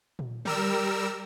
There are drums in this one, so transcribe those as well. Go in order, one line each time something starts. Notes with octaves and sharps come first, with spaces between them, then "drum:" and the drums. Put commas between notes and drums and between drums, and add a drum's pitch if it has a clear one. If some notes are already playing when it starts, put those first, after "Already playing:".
drum: tom A#2
G3 A#4 E6, drum: tom D3